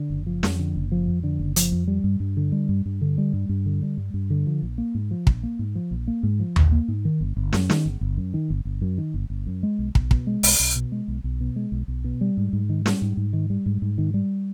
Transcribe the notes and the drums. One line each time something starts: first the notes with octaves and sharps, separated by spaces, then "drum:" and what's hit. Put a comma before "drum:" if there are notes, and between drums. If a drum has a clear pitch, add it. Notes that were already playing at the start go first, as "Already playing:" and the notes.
Already playing: D3
F#1
F3
F2, drum: snare
D3
F#1
F3
F2
D3
F#1
F3, drum: hi-hat
F2
G3
G2
G2
D3
G3
G2
G2
D3
G3
G2
G2
D3
G3
G2
G2
D3
F3
A#1
A#3
G#2
F3
A#1, drum: kick
A#3
G#2
F3
A#1
A#3
G#2
F3
A#1, drum: tom D#2
A#3
G#2
D#3
G1
G1
F#2, drum: snare
D#3, drum: snare
G1
G1
F#2
D#3
G1
G1
F#2
D#3
G1
G1
F#2
G#3
B1
B1, drum: kick
B2, drum: kick
G#3
B1, drum: open hi-hat
B1
B2
G#3
B1
B1
B2
G#3
B1
B1
B2
G3
G#2
G#2
D#3
G3, drum: snare
G#2
G#2
D#3
G3
G#2
G#2
D#3
G3